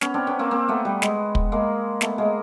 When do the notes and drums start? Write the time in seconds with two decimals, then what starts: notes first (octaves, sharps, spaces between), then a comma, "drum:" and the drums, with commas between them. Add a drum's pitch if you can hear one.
0.01 B3 C#4, drum: snare
0.14 C4 D4
0.27 B3 C#4
0.39 A#3 C4
0.51 A#3 C4
0.68 A3 B3
0.85 G3
1.02 G#3, drum: snare
1.35 drum: kick
1.52 G#3 A#3
2.01 A3 B3, drum: snare
2.18 G#3 A#3